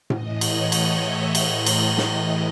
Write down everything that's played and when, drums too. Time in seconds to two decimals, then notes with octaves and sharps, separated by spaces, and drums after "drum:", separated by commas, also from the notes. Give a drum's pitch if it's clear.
0.10 A2 E3 D#5, drum: tom A2
0.41 C#5, drum: cymbal
0.72 D#5, drum: cymbal
1.03 E5
1.35 A2 E3 D#5, drum: cymbal
1.66 drum: cymbal
1.98 drum: snare